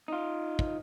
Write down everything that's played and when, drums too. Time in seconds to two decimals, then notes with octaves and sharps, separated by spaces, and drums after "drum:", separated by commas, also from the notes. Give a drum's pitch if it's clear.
0.08 D#4 F4
0.59 drum: kick